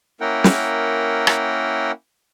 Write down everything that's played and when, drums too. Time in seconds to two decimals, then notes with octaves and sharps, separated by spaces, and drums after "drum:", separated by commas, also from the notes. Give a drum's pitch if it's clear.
0.21 A#3 C#4 E4 A#4 F#5 G5
0.44 drum: snare
1.27 drum: rim click